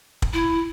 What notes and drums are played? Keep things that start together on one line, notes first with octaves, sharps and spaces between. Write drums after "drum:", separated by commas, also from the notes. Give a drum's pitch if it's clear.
drum: kick
E4